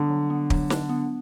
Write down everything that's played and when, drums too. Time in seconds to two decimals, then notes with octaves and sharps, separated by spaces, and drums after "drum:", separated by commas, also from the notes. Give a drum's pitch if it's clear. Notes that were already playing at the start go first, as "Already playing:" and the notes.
Already playing: D3 G3 B3
0.09 F#3
0.30 B3
0.50 F#3, drum: kick
0.70 D4, drum: snare
0.89 B3